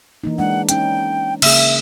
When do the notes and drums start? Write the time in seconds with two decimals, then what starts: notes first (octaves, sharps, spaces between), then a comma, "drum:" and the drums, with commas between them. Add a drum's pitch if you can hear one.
0.24 E3 A#3 D#4
0.38 G#3 D4 F#5
0.69 C#4 D#4 G5, drum: hi-hat
1.42 C#3 A#3 G#4 E5, drum: cymbal